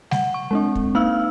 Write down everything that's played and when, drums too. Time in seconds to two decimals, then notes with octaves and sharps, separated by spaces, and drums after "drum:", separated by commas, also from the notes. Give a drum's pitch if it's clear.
0.11 F#5, drum: snare G3
0.34 C#6
0.51 G#3 C4 D4
0.75 drum: kick
0.95 A#3 D#4 F5 E6 F6